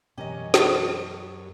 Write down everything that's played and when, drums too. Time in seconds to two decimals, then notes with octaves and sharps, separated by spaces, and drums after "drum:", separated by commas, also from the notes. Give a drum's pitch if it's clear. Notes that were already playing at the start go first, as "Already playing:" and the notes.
0.18 F#2 B2 E3 G3 C#4 G4 A#4 D#5
0.54 drum: snare